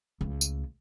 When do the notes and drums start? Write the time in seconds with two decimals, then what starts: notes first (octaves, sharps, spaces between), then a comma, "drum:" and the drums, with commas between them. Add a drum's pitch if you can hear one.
0.21 C#2 A3
0.41 drum: tambourine